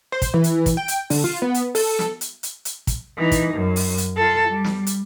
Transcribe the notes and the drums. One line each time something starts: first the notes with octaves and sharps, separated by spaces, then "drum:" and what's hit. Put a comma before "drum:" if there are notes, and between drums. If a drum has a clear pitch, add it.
C5
drum: kick, hi-hat
E3
drum: hi-hat
drum: kick, hi-hat
G5
drum: hi-hat
D3, drum: open hi-hat
F4
B3
drum: hi-hat
A4, drum: open hi-hat
drum: snare
drum: hi-hat
drum: hi-hat
drum: hi-hat
drum: kick, hi-hat
E3 D#4
drum: kick, hi-hat
F#2
drum: open hi-hat
drum: hi-hat
F4 A4
G3
drum: snare
drum: hi-hat